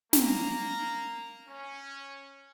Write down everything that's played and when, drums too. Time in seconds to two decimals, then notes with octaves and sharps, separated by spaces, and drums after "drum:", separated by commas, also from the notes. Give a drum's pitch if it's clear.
0.13 A#3 A#5, drum: snare
1.48 C#4